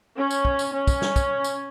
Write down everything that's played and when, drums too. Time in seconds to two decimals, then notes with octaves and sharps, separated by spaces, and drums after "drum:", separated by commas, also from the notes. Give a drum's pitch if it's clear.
0.16 C#4
0.30 drum: tambourine
0.45 drum: kick
0.59 drum: tambourine
0.73 C#4
0.87 drum: kick, tambourine
1.02 drum: snare
1.16 drum: kick, tambourine
1.44 drum: tambourine